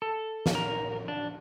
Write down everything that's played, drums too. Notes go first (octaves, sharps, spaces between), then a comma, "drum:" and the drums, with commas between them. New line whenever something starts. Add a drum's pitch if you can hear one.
A4
drum: snare
A#4
D4